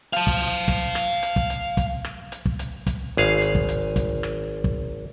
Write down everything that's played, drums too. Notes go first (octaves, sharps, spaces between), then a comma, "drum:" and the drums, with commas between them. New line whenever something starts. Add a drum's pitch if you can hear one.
F5 A5, drum: hi-hat
drum: kick
drum: hi-hat
drum: kick, hi-hat
drum: rim click
drum: hi-hat
drum: kick
drum: hi-hat
drum: kick, hi-hat
drum: rim click
drum: hi-hat
drum: kick
drum: hi-hat
drum: kick, hi-hat
G#1 G#4 F5
drum: hi-hat
drum: kick
drum: hi-hat
drum: kick, hi-hat
drum: rim click
drum: kick